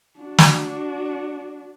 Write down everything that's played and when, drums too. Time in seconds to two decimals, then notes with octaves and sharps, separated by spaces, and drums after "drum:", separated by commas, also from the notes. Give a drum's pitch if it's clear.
0.20 D4 F#4
0.38 drum: snare